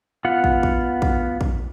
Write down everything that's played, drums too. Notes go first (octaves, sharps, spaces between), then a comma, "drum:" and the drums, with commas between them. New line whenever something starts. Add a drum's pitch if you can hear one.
B3 F4 F#5
drum: kick
drum: kick
drum: kick
drum: kick